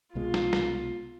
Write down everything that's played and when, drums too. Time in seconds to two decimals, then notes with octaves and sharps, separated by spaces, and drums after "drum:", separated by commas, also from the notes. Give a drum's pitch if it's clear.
0.15 C2 B2 G#3 F4
0.34 drum: snare
0.53 drum: snare